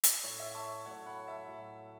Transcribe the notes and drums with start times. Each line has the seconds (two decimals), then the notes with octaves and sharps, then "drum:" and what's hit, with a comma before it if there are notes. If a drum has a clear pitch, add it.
0.04 drum: hi-hat
0.23 A2 A3 C#5
0.39 E5
0.54 A5 C#6
0.85 A2 F#3 A3 C#5 F#5
1.06 F#5 B5
1.27 E5 A5
1.47 A2 F#3 A3